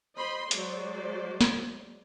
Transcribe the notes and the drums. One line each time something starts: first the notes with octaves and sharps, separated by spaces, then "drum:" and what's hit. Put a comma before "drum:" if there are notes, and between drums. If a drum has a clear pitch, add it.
C5 D#5 B5 C6
F#3 G#3 C5 D5, drum: hi-hat
drum: snare